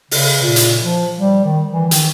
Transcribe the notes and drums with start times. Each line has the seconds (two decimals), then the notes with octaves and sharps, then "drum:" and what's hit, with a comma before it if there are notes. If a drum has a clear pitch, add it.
0.11 C#3, drum: open hi-hat
0.42 A#2
0.56 drum: hi-hat
0.82 F3
1.19 G3
1.45 D#3
1.72 E3
1.91 D#3, drum: hi-hat